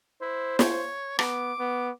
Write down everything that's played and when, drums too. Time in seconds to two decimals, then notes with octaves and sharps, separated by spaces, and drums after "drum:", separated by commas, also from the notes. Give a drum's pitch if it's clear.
0.21 E4 C5
0.59 C#5, drum: snare
1.19 B3 D6, drum: rim click
1.59 B3